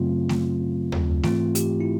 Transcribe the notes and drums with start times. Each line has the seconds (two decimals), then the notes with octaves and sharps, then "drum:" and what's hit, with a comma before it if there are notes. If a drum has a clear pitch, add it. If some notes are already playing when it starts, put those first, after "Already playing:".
Already playing: F#2 C#3 F#3 A3 C4 F4
0.29 drum: snare A3
0.92 drum: tom D#2
1.23 G#2 E3 A3 C4 F4, drum: snare A3
1.55 G4, drum: hi-hat
1.81 E4